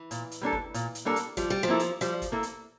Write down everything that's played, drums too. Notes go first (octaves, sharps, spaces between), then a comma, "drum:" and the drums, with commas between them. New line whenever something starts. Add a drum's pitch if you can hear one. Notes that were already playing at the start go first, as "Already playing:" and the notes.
Already playing: E3
A#2, drum: hi-hat
drum: hi-hat
G3 A#3 D4 A4
drum: kick
A#2, drum: hi-hat
drum: hi-hat
G3 A#3 D4 A4
drum: hi-hat
F3 G3, drum: kick, hi-hat
G3
F3
A#3 E4 A4
drum: hi-hat
F3 G3, drum: hi-hat
drum: kick, hi-hat
A#3 E4 A4
drum: hi-hat